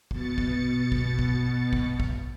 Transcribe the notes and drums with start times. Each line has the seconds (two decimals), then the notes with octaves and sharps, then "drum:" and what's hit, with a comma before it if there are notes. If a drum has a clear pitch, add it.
0.11 B2 A6 C#7, drum: kick
0.38 drum: kick
0.92 drum: kick
1.19 drum: kick
1.73 drum: kick
2.00 drum: kick